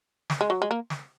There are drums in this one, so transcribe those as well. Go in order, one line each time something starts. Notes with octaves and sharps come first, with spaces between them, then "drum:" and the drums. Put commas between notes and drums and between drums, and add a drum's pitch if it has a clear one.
drum: snare
G#3
F#3
G#3
A#3
drum: snare